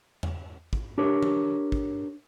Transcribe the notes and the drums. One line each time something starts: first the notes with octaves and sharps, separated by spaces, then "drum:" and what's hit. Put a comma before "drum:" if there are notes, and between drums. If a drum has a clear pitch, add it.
drum: tom E2
drum: kick
D4 G4 A#4 C#5
drum: tom E3
drum: kick